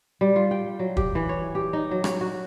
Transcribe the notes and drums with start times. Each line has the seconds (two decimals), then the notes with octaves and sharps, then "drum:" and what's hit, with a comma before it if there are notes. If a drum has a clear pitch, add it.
0.21 G3
0.36 F4
0.51 G5
0.79 F#3
0.97 G4, drum: kick
1.15 E3
1.29 C#5
1.55 G4
1.73 D#4
1.91 F#3
2.04 C#5, drum: rim click
2.21 F#4